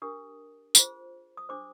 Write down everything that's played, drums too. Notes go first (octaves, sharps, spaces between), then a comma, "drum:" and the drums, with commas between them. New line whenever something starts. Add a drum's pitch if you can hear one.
D4 G4 A#4 D#6
F4 G#4 C5, drum: tambourine
D#6
D4 G4 C5 D6